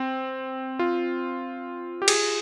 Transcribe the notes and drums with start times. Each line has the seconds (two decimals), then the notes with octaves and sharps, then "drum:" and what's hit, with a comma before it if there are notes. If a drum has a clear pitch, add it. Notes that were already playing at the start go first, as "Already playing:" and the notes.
Already playing: C4
0.79 F4
2.02 G4
2.08 G#4, drum: cymbal